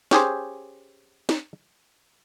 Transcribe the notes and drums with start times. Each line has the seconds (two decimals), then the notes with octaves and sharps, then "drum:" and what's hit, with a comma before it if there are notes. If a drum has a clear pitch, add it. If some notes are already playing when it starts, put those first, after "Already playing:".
0.11 C#4 G4 G#4 C5, drum: snare
1.29 drum: snare